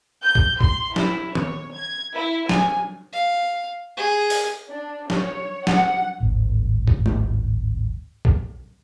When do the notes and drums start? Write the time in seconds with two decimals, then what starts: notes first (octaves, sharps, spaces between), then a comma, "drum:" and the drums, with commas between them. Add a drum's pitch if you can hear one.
0.24 G6
0.35 drum: kick A#1
0.61 C6, drum: kick A#1
0.96 E4, drum: snare
1.35 C#5, drum: tom D#3
1.76 G#6
2.14 E4
2.49 G#5, drum: snare
3.13 F5
3.97 G#4
4.30 drum: open hi-hat
4.69 D4
5.10 C#5, drum: snare
5.67 F#5, drum: snare
6.20 D1 G#1
6.88 drum: kick A#1
7.06 drum: tom G#3
8.25 drum: kick A#1